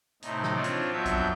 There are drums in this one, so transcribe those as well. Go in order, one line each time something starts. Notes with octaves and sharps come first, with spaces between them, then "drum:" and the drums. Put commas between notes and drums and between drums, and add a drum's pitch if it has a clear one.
A2 C3 D#4, drum: hi-hat
drum: snare
C4 D4 F4 C#5 D5
drum: hi-hat
F2 F#3 B3 D4 E5 G6
drum: kick, hi-hat